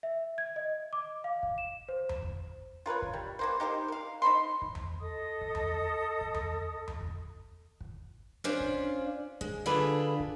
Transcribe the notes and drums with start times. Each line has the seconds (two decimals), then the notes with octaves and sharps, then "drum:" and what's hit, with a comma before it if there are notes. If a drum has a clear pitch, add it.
0.03 E5
0.38 G#6
0.56 D#5
0.93 D6
1.24 F5
1.43 drum: kick
1.58 E7
1.89 C5
2.09 drum: tom E2
2.23 drum: kick
2.86 F4 A#4 B4 C#5
3.02 drum: kick
3.13 G3
3.39 E3 A#3 C5
3.60 D#4 G4 A#4 C5
3.88 A#4 F5
4.22 D#4 C5 B5 C6
4.62 drum: kick
4.75 drum: tom E2
5.00 A4 D#5 D#6
5.41 drum: kick
5.55 drum: tom E2
6.21 drum: kick
6.34 drum: tom E2
6.88 drum: tom E2
7.01 drum: kick
7.81 drum: kick
8.44 C#4 D4 F4 C5 D5
8.60 drum: kick
9.41 G#3, drum: kick
9.66 D3 D4 F4 G#4 A4 B4
10.20 drum: kick